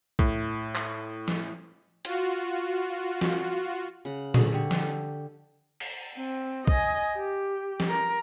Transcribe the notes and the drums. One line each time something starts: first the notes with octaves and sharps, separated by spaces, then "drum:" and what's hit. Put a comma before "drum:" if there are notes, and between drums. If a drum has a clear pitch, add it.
A2, drum: kick
drum: clap
drum: snare
F4 F#4, drum: hi-hat
drum: snare
C#3 F#5
D3 G#4, drum: tom A#2
D3 G4 C#6
drum: snare
drum: cymbal
C4
D#5 G#5, drum: kick
G4
drum: snare
A#4